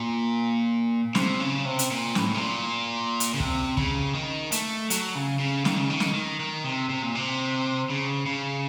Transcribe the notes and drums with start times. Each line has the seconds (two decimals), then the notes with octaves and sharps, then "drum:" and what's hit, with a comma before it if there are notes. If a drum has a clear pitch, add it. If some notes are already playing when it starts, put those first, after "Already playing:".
Already playing: A#2
1.15 C3, drum: snare
1.40 C#3
1.65 C3
1.79 drum: hi-hat
1.91 A#2
2.15 A2, drum: snare
2.34 C3
2.41 A#2
3.20 drum: hi-hat
3.34 C#3
3.40 C3, drum: kick
3.77 C#3, drum: kick
4.15 D#3
4.52 A3, drum: hi-hat
4.90 F#3, drum: hi-hat
5.15 C#3
5.39 C#3
5.65 D#3, drum: snare
5.78 C#3
5.90 D#3
6.00 drum: snare
6.14 D#3
6.40 D#3
6.64 C3
6.90 C3
7.02 A#2
7.15 C3
7.90 C#3
8.26 C#3